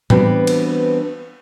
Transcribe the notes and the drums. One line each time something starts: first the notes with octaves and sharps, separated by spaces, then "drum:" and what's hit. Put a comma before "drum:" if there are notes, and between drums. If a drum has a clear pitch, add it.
E3 G3 B3 C4 D4 F#4, drum: tom A2
drum: cymbal